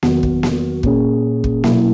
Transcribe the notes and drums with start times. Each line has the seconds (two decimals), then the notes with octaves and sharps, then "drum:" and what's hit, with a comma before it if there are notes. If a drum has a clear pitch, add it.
0.03 E2 D#3 F#3 B3 F#4, drum: snare A#3
0.23 drum: kick
0.43 drum: snare A#3
0.83 A#2 A#3 C#4 G#4, drum: kick
1.44 drum: kick
1.64 B2 F#3 A#3 E4, drum: snare A#3